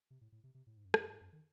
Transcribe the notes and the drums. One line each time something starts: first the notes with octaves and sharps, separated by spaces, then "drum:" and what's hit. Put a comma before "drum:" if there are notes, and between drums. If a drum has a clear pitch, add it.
C3
A2
A2
C3
C3
A2
G#2
F#2
E2, drum: rim click
F#2
G#2
F#2
D#3